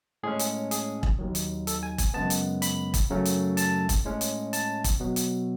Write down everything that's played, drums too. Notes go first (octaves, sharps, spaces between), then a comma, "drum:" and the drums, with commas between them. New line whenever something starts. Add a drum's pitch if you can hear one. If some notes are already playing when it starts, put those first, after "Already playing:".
A2 G#3 C#4 G#4
drum: hi-hat
G#4, drum: hi-hat
drum: kick E1
D#2 D#3 F#3
drum: hi-hat
A4, drum: hi-hat
G#5
G#5, drum: kick E1, hi-hat
F#2 C#3 G#3 B3 A5
drum: hi-hat
B5, drum: hi-hat
drum: kick E1, hi-hat
F#2 C#3 F#3 A3 C#4
drum: hi-hat
A5, drum: hi-hat
drum: kick E1, hi-hat
A2 G#3 C#4
drum: hi-hat
A5, drum: hi-hat
drum: kick E1, hi-hat
B2 F#3 B3
drum: hi-hat